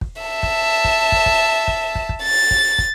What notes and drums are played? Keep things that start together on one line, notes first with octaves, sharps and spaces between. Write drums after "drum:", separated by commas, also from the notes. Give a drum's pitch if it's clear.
drum: kick
E5 A5
drum: kick
drum: kick
drum: kick
drum: kick
drum: kick
drum: kick
drum: kick
A6
drum: kick
drum: kick